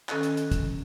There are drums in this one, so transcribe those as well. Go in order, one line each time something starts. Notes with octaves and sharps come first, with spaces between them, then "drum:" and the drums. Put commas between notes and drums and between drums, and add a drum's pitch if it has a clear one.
D#3 C#4 A4 D#5 F#6, drum: clap
drum: hi-hat
drum: hi-hat
drum: kick, hi-hat